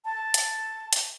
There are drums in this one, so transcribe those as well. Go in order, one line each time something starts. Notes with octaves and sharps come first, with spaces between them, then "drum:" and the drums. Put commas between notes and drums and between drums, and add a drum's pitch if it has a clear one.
A5
drum: hi-hat
drum: hi-hat